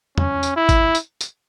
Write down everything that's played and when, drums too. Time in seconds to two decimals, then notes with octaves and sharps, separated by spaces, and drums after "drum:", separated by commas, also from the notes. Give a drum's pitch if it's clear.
0.18 C#4, drum: tom
0.43 drum: tambourine
0.56 E4
0.69 drum: kick, tambourine
0.95 drum: tambourine
1.21 drum: tambourine